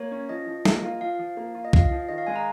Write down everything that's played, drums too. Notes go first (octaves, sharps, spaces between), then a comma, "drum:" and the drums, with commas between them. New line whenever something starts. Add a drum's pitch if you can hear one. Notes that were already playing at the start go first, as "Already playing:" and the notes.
Already playing: A#3 C#5
C#4
F3 D#5
F3
A#3, drum: snare
F4
F3 F5
F3
A#3
F4
D#5
F3 F5, drum: kick B1
F3
D#3 D#5
F5
G#3 G#5
A#5